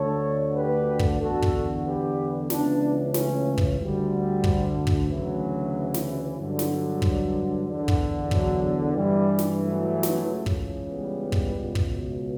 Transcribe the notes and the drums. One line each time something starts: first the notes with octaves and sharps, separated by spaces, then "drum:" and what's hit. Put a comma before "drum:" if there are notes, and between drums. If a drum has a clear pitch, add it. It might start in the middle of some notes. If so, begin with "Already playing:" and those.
Already playing: D2 D3 A4 C#5
G4 B4
drum: kick
E2 D3 F#4 A4
drum: kick
G4 B4
C#2 C#3 E3 B3 D4, drum: snare
A3 C#4, drum: snare
drum: kick
D2 D3 G3
drum: kick
drum: kick
D2 C#3 E3 F#3
drum: snare
G2 D3 F#3
drum: snare
drum: kick
E2 D3
drum: kick
F#3, drum: kick
G2 E3 G3
drum: snare
F#3 A3
drum: snare
C#2 C#3 E3
drum: kick
G3 B3
drum: kick
C#2 B2
drum: kick